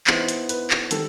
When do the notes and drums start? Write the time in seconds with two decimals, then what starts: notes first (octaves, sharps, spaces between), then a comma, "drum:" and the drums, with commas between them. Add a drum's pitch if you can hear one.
0.07 E3 B3 D#4 C5, drum: clap
0.28 drum: hi-hat
0.49 B4, drum: hi-hat
0.70 drum: clap
0.91 D#3 G3 A4, drum: hi-hat